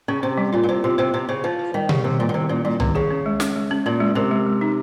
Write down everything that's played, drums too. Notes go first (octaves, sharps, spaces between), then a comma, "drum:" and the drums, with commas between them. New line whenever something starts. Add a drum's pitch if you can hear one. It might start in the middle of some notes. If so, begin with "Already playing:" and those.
C#3 C#4
C3 C5
G3
A#2 F4
A#2
C3 C5
C3 F4
C3 C5
C3 C5
C#3 C5
F3 C5
C5
D#3 G3
C#3 G4, drum: tom B2
C3 D#3
A#2 G3
A#2
C3 D#3
A#2 C#4
A#2 G3
C3 D#3, drum: tom
C#3 G#4
C#4
G#3
C#4, drum: snare
G#3
C#4
A#2 C#4
G#3
C3 A#4
G#3
G#3
D#4